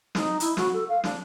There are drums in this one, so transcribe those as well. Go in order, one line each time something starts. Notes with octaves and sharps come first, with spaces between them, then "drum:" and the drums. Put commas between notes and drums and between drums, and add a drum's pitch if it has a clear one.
D#4, drum: snare
E4, drum: hi-hat
F#4, drum: snare
A4
F5
D4, drum: snare